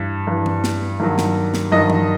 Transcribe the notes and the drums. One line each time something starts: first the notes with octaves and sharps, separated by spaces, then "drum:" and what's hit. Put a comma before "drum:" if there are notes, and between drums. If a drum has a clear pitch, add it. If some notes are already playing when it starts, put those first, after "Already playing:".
Already playing: G2 E3
G2 E3
drum: tom E3
drum: snare
G2 D#3 F#3
drum: snare
drum: snare
G2 D#3 F#3 D#5
drum: tom E3